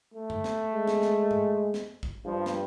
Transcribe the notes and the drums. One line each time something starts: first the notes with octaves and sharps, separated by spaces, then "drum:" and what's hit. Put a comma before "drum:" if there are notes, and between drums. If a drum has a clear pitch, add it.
A3
drum: tom F#2
drum: snare
G#3
drum: snare
drum: snare
drum: tom G#2
drum: snare
drum: kick
G2 F3
drum: snare